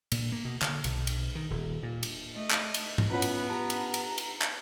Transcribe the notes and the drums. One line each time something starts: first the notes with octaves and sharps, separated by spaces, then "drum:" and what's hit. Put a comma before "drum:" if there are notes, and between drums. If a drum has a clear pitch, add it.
A#2, drum: cymbal
A#3
B2
D3, drum: clap
B1, drum: cymbal
drum: cymbal
D#3
D#1
A#2
drum: cymbal
A3 D#5
drum: clap
drum: cymbal
drum: tom G#2
B3 C#4 E4 F4 B4 C#5 F#5 B5
drum: cymbal
G4 A5 A#5
drum: cymbal
drum: cymbal
drum: cymbal
drum: clap